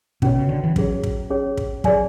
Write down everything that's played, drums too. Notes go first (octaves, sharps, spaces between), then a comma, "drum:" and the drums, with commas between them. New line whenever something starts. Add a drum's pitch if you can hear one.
B2 C#4 F#4 C#5, drum: kick
C#3
D3
E3
F#3 C#4 G#4 C#5, drum: kick
drum: kick
C#4 G#4 C#5
drum: kick
F#3 G#4 D5 G#5, drum: kick